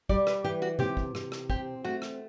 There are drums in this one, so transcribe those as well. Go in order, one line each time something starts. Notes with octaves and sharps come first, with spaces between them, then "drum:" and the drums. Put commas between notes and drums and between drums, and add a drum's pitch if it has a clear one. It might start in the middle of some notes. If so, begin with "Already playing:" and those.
G3 D5, drum: kick
B4, drum: rim click
E3 G4
F#4
C3 G4, drum: tom C3
drum: kick
C3, drum: rim click
drum: rim click
C4 G4, drum: kick
A3 F#4
drum: rim click